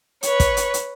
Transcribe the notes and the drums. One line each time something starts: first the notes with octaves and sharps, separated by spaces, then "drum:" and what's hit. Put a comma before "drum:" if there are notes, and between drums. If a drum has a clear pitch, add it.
B4 C#5, drum: hi-hat
drum: kick, hi-hat
drum: hi-hat
drum: hi-hat